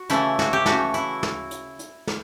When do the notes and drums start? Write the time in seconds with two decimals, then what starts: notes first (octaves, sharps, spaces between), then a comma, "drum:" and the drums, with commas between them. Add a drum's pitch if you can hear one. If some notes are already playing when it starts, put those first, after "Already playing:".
Already playing: F#4
0.10 C#3 E3 A3 E4, drum: hi-hat
0.39 F#4, drum: snare
0.53 G4
0.66 C#3 E3 A3 F#4, drum: snare
0.94 E4, drum: hi-hat
1.23 drum: snare
1.51 drum: hi-hat
1.79 drum: hi-hat
2.07 drum: snare